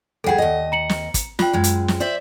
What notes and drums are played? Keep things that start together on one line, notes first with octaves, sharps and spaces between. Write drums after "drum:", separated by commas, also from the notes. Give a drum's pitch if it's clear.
D2 G3 G#4 A4 F#5
D#2 D#5
A#5 C#7 F#7
drum: snare
drum: kick, hi-hat
D4 F4 G5, drum: snare
F#2 G#3
drum: hi-hat
drum: snare
C5 D5 E5